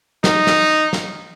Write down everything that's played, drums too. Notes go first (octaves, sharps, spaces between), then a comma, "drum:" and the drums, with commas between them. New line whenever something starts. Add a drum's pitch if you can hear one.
D#4, drum: snare
drum: snare
drum: snare